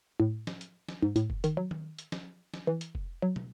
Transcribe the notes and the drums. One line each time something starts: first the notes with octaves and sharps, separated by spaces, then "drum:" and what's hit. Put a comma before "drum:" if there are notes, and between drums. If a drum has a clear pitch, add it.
A2
drum: snare
drum: hi-hat
drum: snare
G#2
A2, drum: hi-hat
drum: kick F1
D#3, drum: hi-hat
F#3
drum: tom D#3
drum: hi-hat
drum: snare
drum: snare
E3
drum: hi-hat
drum: kick F1
F#3
drum: tom